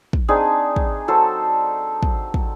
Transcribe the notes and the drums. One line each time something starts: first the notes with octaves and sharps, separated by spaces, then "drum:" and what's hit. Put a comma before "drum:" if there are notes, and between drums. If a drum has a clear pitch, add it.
drum: kick
C4 D4 D#4 G#4
drum: kick
F#3 A4 C5
drum: kick
drum: kick